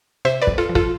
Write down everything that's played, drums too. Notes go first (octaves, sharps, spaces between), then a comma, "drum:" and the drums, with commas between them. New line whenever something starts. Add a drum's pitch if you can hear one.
C3 C5 E5
B4 D5
F2, drum: kick
F4 A4
F3
F4 A4, drum: kick